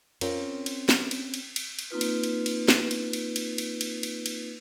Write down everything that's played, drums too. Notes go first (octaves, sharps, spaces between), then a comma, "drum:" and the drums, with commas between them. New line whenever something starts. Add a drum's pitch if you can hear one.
C4 C#4 F4 A#4, drum: cymbal
drum: cymbal
drum: snare
drum: cymbal
drum: cymbal
drum: cymbal
drum: cymbal
A#3 C4 D#4 F4 B4
drum: cymbal
drum: cymbal
drum: cymbal
drum: snare
drum: cymbal
drum: cymbal
drum: cymbal
drum: cymbal
drum: cymbal
drum: cymbal
drum: cymbal